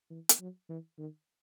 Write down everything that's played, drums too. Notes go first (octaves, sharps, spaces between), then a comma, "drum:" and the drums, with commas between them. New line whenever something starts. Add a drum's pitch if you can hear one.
E3
drum: hi-hat
F#3
E3
D#3